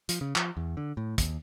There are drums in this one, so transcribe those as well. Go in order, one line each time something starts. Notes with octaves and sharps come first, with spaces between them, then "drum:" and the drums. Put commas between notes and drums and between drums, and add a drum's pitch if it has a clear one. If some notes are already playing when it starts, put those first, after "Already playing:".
F3, drum: hi-hat
C#3
F3, drum: clap
E2
D3
A2
D#2, drum: kick, hi-hat